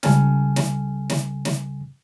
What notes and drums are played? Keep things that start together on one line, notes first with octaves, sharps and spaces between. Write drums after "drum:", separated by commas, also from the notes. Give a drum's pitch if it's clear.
C#2 C#3 G3 A4 G#5 F6, drum: snare
drum: snare
drum: snare
drum: snare